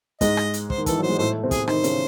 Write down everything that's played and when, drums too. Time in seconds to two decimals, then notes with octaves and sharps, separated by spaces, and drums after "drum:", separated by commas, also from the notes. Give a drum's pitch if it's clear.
0.21 G#2 G#3 D#5, drum: kick, hi-hat
0.37 drum: rim click
0.54 drum: hi-hat
0.70 C5, drum: kick
0.78 D#3
0.86 E3 A4, drum: kick, hi-hat
0.99 F#3 C5
1.09 G#3
1.18 A2 A3 C5
1.43 C3 C4
1.51 G#4, drum: kick, hi-hat
1.68 D#3 D#4 C5, drum: rim click
1.84 C#3 C#4, drum: hi-hat